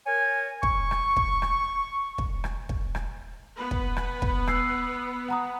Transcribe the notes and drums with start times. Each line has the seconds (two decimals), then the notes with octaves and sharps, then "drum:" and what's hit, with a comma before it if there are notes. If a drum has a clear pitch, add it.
0.07 A#4 C#5 G#5
0.63 C#6, drum: kick
0.91 drum: rim click
1.16 drum: kick
1.42 drum: rim click
2.18 drum: kick
2.44 drum: rim click
2.69 drum: kick
2.95 drum: rim click
3.56 B3 B4
3.71 drum: kick
3.96 drum: rim click
4.22 drum: kick
4.47 E6 C7, drum: rim click
5.28 F#5 A#5 D#6